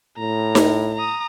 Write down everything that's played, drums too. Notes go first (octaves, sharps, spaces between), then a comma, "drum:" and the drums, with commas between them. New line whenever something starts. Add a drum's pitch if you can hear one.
A2 A#5
drum: snare D#4
A#5 D#6